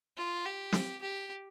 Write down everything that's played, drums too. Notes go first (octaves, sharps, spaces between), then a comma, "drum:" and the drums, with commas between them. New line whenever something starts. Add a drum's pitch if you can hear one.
F4
G4
drum: snare
G4